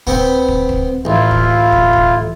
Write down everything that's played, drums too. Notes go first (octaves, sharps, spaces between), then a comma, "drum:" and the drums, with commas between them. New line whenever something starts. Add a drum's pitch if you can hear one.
B3 C4, drum: kick
drum: kick
drum: kick
A1 E4 F4
drum: kick
drum: kick
drum: kick